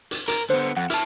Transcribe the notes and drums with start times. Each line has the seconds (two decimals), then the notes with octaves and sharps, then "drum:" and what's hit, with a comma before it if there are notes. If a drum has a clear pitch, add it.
0.11 drum: hi-hat
0.28 A#4, drum: hi-hat
0.50 D3 B3 C5
0.76 F2 F#5
0.90 E4 A5 F6, drum: hi-hat